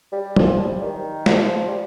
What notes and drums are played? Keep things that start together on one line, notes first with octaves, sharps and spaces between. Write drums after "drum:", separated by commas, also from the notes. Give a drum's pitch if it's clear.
G3
F3, drum: tom
G3
D#3
G3, drum: snare
F3
G3